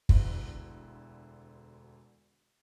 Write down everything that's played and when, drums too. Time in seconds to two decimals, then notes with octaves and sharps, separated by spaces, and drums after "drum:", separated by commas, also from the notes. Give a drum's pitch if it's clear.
0.09 E1 D2 D3 E3, drum: kick